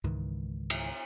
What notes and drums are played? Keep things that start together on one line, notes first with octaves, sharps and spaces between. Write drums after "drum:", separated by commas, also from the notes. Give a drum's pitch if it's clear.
C#2 G#2 D#3 E3
drum: cymbal